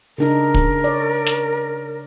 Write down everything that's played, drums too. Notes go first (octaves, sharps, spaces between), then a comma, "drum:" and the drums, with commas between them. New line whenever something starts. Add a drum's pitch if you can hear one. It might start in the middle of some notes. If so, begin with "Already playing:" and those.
C#3 D4 D#4 A#4
drum: kick
C#5 D5
drum: snare